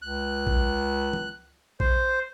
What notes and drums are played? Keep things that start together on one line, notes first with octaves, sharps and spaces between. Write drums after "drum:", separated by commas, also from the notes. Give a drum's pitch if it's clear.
C#2 F#6
drum: kick A#1
drum: tom
C5, drum: kick A#1